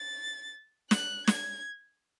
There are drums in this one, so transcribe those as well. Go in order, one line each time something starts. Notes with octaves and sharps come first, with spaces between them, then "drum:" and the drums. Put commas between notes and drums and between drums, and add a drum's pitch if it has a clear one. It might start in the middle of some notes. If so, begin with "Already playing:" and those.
Already playing: A6
F#6, drum: snare
G#6, drum: snare